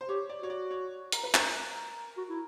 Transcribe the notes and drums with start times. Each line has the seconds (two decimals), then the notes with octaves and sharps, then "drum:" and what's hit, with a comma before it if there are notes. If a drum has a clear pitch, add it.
0.01 C5
0.09 G4 C#5
0.29 D5
0.40 F#4 C#5
0.50 D5
0.71 C#5
1.12 A#4, drum: hi-hat
1.24 B4
1.34 A#4, drum: clap
2.17 F#4
2.29 E4